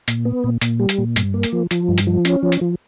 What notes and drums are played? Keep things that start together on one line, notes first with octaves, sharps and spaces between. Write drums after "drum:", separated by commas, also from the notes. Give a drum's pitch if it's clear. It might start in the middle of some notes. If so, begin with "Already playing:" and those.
A#2, drum: hi-hat
B3
A#2
A#2, drum: hi-hat
G3
drum: hi-hat
A#2
G2, drum: hi-hat
A#3
drum: hi-hat
F3
F3, drum: hi-hat
G2
drum: hi-hat
F3
C#4, drum: hi-hat
F3
drum: hi-hat
F3